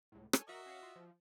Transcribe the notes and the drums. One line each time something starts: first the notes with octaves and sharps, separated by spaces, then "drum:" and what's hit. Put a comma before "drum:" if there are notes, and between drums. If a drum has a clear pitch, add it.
C#2 A2
A4 C#5 G#5, drum: rim click
F#4 A#4 D#5 E5 C#6
C#4 F5 F#5
F4
F3